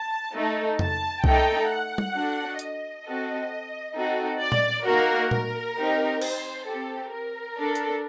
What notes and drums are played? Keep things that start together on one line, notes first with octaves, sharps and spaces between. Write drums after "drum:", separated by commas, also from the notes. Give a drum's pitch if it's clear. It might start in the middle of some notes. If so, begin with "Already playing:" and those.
Already playing: A5
A3 D#4 A4
A5, drum: tom F2
A3 D#4 A4 G5, drum: kick C2
F#5
drum: tom G3
D4 F#4 A4
D#5, drum: hi-hat
C4 F#4 A4
C4 D#4 F#4 A4
D5
drum: tom A#2
A#3 D#4 F#4 A#4
A#4, drum: tom A#2
C4 D#4 G4
C5, drum: cymbal
C4 G4 A4
A#4
D4 A4
drum: hi-hat